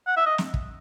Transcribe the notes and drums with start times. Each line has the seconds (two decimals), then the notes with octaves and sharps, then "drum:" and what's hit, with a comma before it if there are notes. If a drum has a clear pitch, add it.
0.07 F#5
0.17 E5
0.26 D#5
0.38 drum: snare
0.54 drum: kick